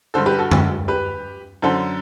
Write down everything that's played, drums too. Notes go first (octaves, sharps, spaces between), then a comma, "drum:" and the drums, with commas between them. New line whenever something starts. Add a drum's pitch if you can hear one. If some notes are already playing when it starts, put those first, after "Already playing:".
G2 D3 A4 C5
G4 B4
F#4 A4
drum: tom
G4 B4
F#2 D3 A4 C5